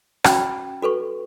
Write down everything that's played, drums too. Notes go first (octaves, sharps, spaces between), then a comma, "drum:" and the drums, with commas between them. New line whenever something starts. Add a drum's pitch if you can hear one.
C#4 F#4 G5 B5, drum: rim click
F#4 A4 B4 C#6